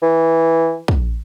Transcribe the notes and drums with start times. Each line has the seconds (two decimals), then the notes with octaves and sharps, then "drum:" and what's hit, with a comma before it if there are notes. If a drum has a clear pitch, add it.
0.02 E3
0.88 drum: kick